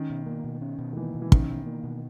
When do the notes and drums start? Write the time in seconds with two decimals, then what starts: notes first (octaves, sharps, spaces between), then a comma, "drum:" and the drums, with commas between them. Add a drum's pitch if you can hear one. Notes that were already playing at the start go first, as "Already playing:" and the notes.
Already playing: D#3 C#4
0.10 B2
0.26 A#3
0.44 B2
0.61 C#4
0.79 B2
0.93 D#3
0.97 E3 A#3
1.15 B2
1.22 E3
1.32 D#3 C#4, drum: kick
1.49 B2
1.66 A#3
1.84 B2